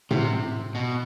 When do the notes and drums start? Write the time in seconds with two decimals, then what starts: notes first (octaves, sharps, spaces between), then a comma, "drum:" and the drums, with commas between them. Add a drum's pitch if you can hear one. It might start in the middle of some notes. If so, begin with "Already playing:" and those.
0.11 C3, drum: tom A2
0.75 B2